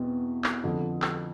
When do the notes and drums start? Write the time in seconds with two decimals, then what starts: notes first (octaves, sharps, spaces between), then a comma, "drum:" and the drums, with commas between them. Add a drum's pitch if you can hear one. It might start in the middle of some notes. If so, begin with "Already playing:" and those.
Already playing: E2 B2 C4
0.44 drum: clap
0.64 F2 D3 F3
1.02 drum: clap